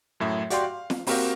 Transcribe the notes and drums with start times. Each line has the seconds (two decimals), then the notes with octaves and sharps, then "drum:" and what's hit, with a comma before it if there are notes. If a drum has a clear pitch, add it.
0.20 F#2 A2 E5
0.50 F#4 G4 D5 F5 G5 C6, drum: hi-hat
0.64 F5
0.90 drum: snare
1.07 A#3 C4 F#4 G4 A#4 F5, drum: open hi-hat